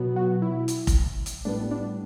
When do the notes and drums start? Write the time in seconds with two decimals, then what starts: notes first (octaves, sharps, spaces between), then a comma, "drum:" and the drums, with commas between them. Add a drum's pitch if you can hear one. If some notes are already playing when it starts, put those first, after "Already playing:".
Already playing: B2 F#3 B3
0.16 F#4
0.42 E4
0.68 drum: hi-hat
0.87 drum: kick F1, hi-hat
1.26 drum: hi-hat
1.45 A2 G3 B3 D4
1.71 D4